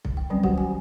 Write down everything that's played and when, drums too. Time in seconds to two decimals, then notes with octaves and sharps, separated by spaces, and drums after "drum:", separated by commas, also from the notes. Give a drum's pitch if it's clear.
0.05 drum: kick B1
0.17 G5
0.30 D#3 F#3 G3 C4 C#4
0.43 F#4 G4 C5 F#5, drum: kick B1
0.58 G#5